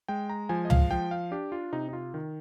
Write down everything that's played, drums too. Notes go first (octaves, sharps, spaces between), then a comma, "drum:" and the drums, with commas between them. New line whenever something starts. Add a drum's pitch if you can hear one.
G#3 G5
A#5
F3 G#5
D#5
F5, drum: tom C#2
F3 G5
F5
D4 G4
F4
C3 D#4
D#4
F4
D#3